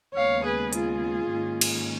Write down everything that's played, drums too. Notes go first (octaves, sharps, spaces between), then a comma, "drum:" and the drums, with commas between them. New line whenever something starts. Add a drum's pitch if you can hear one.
D#2 C#3 G#3 B3 C#5 F5
G#4 B4
F4 G#4, drum: hi-hat
G#2 D#3 A#3 C#4
drum: cymbal